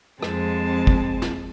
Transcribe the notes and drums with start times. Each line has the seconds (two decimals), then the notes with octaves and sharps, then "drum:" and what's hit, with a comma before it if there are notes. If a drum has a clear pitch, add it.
0.22 F2 G#3 C4 A5, drum: rim click
0.87 drum: kick
1.22 drum: snare